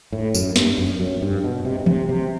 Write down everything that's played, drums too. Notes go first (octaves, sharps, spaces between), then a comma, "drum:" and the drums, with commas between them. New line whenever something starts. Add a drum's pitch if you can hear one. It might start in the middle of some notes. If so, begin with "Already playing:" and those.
A2
F#2, drum: tambourine
G2, drum: snare
F#2
F#2
G2
B2
C3
B2
C3, drum: tom
C3